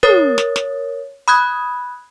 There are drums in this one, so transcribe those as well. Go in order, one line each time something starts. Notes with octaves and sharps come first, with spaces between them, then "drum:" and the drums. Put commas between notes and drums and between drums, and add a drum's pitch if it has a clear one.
A#4 C#5 D#6 A6, drum: tom
drum: snare
drum: snare
B5 D#6 F#6 G#6